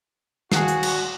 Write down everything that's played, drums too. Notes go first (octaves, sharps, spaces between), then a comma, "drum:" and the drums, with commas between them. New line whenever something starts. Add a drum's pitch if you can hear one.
D#3 F3 F#4 G#4 C7, drum: snare
drum: hi-hat
drum: cymbal